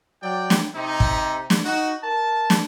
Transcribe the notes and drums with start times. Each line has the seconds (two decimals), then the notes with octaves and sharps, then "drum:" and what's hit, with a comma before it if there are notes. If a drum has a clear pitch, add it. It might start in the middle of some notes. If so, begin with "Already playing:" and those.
0.23 F#3 D5 G5
0.50 drum: snare
0.75 C3 D#4
1.00 drum: kick
1.50 drum: snare
1.65 D#4 F#4
2.03 A#4 A5
2.50 drum: snare